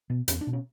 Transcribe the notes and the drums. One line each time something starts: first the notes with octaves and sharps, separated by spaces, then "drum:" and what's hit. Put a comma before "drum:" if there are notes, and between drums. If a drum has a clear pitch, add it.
B2
E2 C#4, drum: hi-hat
D4
B2
C#4